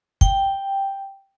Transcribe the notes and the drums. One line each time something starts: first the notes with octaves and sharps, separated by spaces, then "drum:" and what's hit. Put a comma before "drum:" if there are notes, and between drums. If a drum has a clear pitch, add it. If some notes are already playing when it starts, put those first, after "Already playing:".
G5, drum: kick